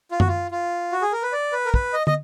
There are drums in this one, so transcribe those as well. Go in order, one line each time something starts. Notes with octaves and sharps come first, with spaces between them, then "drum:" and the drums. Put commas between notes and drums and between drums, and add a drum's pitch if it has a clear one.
F4
F#4, drum: tom F#2
F4
F4
F#4
G#4
A#4
B4
D5
B4
A#4
B4, drum: kick
D#5
D#5, drum: tom